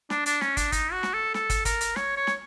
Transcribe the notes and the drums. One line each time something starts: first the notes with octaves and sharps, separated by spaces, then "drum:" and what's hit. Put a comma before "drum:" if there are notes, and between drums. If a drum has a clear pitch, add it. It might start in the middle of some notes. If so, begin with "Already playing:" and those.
D4, drum: snare
D4, drum: hi-hat
C#4, drum: snare
D4, drum: kick, hi-hat
D#4, drum: kick, hi-hat
F#4
drum: snare
A4
A4, drum: snare
drum: kick, hi-hat
A#4, drum: kick, hi-hat
drum: hi-hat
C#5, drum: snare
C#5
drum: snare